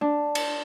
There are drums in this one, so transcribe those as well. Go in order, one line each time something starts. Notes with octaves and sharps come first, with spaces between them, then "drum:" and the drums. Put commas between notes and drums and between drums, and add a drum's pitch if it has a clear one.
D4
drum: cymbal